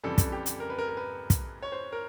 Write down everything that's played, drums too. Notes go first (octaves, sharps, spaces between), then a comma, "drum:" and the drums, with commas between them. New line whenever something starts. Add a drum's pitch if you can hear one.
F2 C#3 E3 G3 A4
drum: kick, hi-hat
G4
drum: hi-hat
A#4
B4
A#4
A#4
B4
drum: kick, hi-hat
C#5
C5
A#4